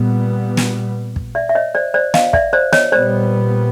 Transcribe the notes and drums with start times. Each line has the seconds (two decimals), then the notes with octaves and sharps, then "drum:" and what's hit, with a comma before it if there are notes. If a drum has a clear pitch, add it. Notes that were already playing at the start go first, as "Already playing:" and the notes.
Already playing: A#2 G3 B3
0.57 drum: snare
1.16 drum: kick
1.35 D5 E5
1.49 E5
1.55 C#5 D#5
1.75 C5 D5
1.94 C5 D5
2.14 D#5 F5, drum: snare
2.33 D5 E5, drum: kick
2.53 C5 D5
2.73 C#5 D#5, drum: snare
2.92 A#2 G3 B3 C5 D5